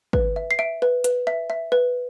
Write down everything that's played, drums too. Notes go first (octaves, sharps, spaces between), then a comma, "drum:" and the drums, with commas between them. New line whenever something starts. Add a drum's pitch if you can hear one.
B4, drum: kick
E5
C7
E5 D7
B4
B4, drum: hi-hat
E5
E5
B4